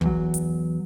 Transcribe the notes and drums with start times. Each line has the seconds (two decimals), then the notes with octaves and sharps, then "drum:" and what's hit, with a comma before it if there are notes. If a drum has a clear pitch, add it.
0.01 E2 F#3, drum: kick
0.34 drum: hi-hat